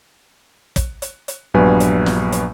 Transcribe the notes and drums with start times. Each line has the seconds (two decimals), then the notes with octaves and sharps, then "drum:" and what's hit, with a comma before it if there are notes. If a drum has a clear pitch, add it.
0.76 drum: kick, hi-hat
1.02 drum: hi-hat
1.28 drum: hi-hat
1.54 A#1 G2 F#3 B3 B4 G#5
1.80 drum: hi-hat
2.06 drum: snare
2.32 drum: hi-hat